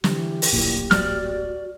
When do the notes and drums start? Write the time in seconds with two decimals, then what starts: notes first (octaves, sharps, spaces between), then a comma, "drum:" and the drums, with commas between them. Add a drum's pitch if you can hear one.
0.04 D3 E3 G4, drum: snare
0.42 drum: open hi-hat
0.53 D1 A#1 A#2 E4
0.91 F#4 D5 F6, drum: snare